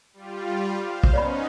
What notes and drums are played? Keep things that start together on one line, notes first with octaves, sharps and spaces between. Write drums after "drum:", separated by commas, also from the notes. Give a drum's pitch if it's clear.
G3 F4
C5 F5
drum: kick B1
B3 C#4 D#4 C#5 D5 B5